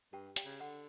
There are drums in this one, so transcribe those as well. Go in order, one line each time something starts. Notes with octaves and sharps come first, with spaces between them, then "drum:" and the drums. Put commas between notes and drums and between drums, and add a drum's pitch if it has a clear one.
G2 G4 G5
G4 G5, drum: hi-hat
C#3
D3 F#5